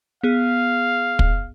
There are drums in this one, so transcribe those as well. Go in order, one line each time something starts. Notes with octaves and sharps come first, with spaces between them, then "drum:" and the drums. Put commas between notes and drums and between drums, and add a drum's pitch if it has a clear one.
B3 G#4 F5
drum: kick